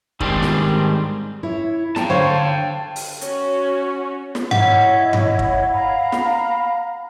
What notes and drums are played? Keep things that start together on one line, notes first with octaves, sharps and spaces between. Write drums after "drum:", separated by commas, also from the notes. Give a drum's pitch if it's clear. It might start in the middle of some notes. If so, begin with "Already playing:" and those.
G#2 D#3 G3 G#3 C4 D4, drum: kick
drum: snare
E4 C#5
G5 A5 A#5, drum: snare
D3 A4 C5 C#5 F5
drum: open hi-hat
C#4 F#4 C#5, drum: hi-hat
drum: snare
E4 C#5 D#5 F#5, drum: tom G2
drum: tom G2
drum: kick
F5 A#5 B5
drum: snare